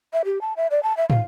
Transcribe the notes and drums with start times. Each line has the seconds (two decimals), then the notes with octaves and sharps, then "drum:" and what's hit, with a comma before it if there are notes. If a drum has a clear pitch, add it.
0.13 E5
0.25 G4
0.41 A5
0.57 E5
0.71 D5
0.83 A5
0.97 E5
1.10 F5, drum: tom